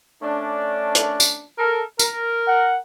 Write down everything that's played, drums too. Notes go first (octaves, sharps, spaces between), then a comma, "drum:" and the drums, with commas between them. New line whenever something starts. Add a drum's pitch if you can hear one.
A3 C#4 D4
drum: hi-hat
drum: tambourine
A4 A#4
A#4, drum: tambourine
F#5